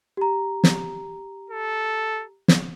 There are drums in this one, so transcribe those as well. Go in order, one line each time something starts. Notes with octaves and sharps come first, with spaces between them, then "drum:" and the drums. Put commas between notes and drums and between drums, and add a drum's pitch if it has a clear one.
G4 A#5
drum: snare
A4
drum: snare